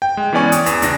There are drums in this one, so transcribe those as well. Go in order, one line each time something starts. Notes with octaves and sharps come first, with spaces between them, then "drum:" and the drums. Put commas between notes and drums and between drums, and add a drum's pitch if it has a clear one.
G5
G#3
E3 B3 C#4 D5 G#5 C#6
D#6, drum: hi-hat
E2, drum: hi-hat
C#2 D4 A#6, drum: hi-hat